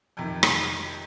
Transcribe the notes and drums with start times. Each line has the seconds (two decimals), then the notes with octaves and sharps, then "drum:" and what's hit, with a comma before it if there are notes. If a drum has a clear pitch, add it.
0.17 F2 C3 D#3
0.43 drum: rim click